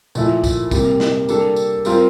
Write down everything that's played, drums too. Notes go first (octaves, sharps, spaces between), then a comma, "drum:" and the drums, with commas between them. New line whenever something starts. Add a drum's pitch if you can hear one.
A#2 F3 A3 E4, drum: tambourine
drum: kick, tambourine
C3 G3 A#3, drum: kick, tambourine
drum: snare
G3 A#3 D4 A4, drum: tambourine
drum: tambourine
G3 C4 F4 A#4, drum: tambourine